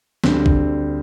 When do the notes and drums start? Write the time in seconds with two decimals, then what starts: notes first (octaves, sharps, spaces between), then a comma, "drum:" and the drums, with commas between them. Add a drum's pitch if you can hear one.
0.24 D2 D3 G3 C4, drum: snare
0.46 drum: kick A#1